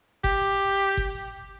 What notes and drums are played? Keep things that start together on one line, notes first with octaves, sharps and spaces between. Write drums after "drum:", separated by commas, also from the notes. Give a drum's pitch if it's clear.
G4, drum: kick G1
drum: kick G1